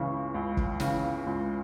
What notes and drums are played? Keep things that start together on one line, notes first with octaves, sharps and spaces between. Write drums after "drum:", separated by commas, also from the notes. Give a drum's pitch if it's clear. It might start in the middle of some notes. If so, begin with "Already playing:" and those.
Already playing: C#2 C#3 E3 C#6
C#2
drum: kick
C#3 E3, drum: snare
C#2